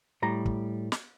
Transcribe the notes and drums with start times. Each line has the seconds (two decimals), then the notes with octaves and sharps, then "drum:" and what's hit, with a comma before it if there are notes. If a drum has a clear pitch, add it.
0.22 A2 G3 A#5
0.46 drum: kick
0.92 drum: snare